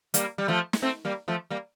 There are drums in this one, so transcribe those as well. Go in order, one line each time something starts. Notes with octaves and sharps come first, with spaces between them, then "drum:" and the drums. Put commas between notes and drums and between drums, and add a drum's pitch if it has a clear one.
G3 A#3, drum: hi-hat
G3
F3 A3
drum: snare
A3 C4
G3 A#3
F3 A3
G3 A#3